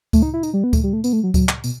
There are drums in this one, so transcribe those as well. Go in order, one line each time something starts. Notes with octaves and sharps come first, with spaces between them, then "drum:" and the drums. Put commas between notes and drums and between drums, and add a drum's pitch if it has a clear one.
A3, drum: kick C#2, tambourine
D#4
E4
D#4, drum: tambourine
G3
B3
A3, drum: kick C#2, tambourine
G3
A3
B3, drum: tambourine
A3
F#3
F#3, drum: kick C#2, tambourine
drum: clap
B2, drum: tambourine